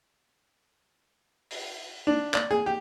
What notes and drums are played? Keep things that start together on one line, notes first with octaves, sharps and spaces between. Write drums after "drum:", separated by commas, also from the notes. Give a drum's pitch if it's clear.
drum: open hi-hat
D4
D5, drum: clap
G#4
G4